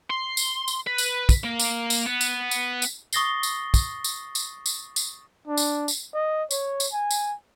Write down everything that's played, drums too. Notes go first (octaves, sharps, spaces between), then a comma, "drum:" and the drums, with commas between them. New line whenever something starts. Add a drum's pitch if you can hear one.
C6
drum: tambourine
drum: tambourine
B4
drum: tambourine
drum: kick, tambourine
A#3
drum: tambourine
drum: tambourine
B3
drum: tambourine
drum: tambourine
drum: tambourine
C#6 D#6 A6 A#6 C7 G7, drum: tambourine
drum: tambourine
drum: kick, tambourine
drum: tambourine
drum: tambourine
drum: tambourine
drum: tambourine
D4
drum: tambourine
drum: tambourine
D#5
C#5, drum: tambourine
drum: tambourine
G#5
drum: tambourine